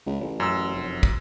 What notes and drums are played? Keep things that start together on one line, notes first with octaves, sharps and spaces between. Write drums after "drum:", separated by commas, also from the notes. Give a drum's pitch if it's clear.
C#2
A1
F#2 E6
F1
drum: kick